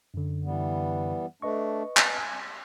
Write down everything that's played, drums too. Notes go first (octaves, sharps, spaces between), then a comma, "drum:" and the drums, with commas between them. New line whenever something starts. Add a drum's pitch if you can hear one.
F#2 D3
E3 G3 B3
A3 D4 B4 D#5 C#6
G#5, drum: clap